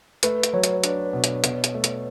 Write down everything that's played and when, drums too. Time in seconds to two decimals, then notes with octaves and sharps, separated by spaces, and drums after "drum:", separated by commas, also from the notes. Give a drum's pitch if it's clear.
0.23 A3 B4, drum: hi-hat
0.43 drum: hi-hat
0.53 F#3 C#5
0.64 drum: hi-hat
0.84 D4, drum: hi-hat
1.13 B2
1.24 drum: hi-hat
1.44 B2, drum: hi-hat
1.64 drum: hi-hat
1.74 A3
1.84 drum: hi-hat